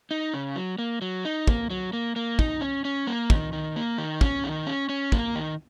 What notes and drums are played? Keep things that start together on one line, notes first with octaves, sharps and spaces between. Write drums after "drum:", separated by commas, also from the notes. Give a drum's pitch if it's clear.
D#4
C#3
F#3
A#3
F#3
D#4
A#3, drum: kick
F#3
A#3
A#3
D#4, drum: kick
C#4
C#4
A#3
D#3, drum: kick
D#3
A#3
D#3
C#4, drum: kick
D#3
C#4
C#4
A#3, drum: kick
D#3